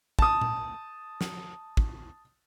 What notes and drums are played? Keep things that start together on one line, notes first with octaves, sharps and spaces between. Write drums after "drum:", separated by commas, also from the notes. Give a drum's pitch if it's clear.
A5 D#6, drum: kick
drum: tom A#2
drum: snare
drum: kick